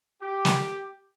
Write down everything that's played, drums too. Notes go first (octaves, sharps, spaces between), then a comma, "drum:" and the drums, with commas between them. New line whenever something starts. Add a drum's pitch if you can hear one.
G4
drum: snare